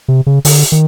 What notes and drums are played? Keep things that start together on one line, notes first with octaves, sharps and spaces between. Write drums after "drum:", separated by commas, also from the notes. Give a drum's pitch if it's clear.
C3
C#3
D3, drum: open hi-hat
D#3